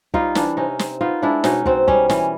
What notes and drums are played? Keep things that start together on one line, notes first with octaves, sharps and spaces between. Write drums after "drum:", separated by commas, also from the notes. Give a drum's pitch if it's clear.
G3 D#4 F4, drum: kick
E3 D4 E4, drum: snare
C3 C#4 D#4
C4, drum: snare
B3 D#4 F4
G#3 D4 E4
B2 C#4 D#4, drum: snare
B2 C4, drum: kick
G3 C#4, drum: kick
E3 C#4, drum: snare